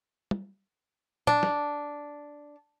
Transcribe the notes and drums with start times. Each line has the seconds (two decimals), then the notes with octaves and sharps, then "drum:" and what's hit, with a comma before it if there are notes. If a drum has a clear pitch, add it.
0.31 drum: tom
1.27 D4, drum: tom
1.43 drum: snare